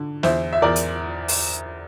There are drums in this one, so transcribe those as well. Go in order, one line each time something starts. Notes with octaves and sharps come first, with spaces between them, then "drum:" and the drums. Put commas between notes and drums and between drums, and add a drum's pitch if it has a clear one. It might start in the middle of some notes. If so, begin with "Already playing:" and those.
Already playing: D3
E2 C5 E5, drum: snare
E5
E2 A#4 D5
drum: hi-hat
drum: open hi-hat